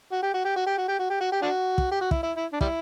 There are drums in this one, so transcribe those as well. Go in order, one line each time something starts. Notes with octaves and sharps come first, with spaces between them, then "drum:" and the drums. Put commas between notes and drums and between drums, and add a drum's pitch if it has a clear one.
F#4
G4
F#4
G4
F#4
G4
F#4
G4
F#4
G4
F#4
G4
D4 F#4
drum: kick
G4
F#4
E4, drum: kick
E4
E4
D4
G3 E4, drum: kick